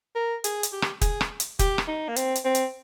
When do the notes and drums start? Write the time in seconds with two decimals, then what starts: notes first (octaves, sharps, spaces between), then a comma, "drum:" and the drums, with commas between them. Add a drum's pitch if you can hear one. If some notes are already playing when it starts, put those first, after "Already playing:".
0.15 A#4
0.44 G#4, drum: hi-hat
0.63 drum: hi-hat
0.73 G4
0.82 drum: rim click
1.01 G#4, drum: kick, hi-hat
1.21 drum: rim click
1.40 drum: hi-hat
1.59 G4, drum: kick, hi-hat
1.78 drum: rim click
1.88 D#4
2.08 A#3
2.16 C4, drum: hi-hat
2.35 drum: hi-hat
2.45 C4
2.55 drum: hi-hat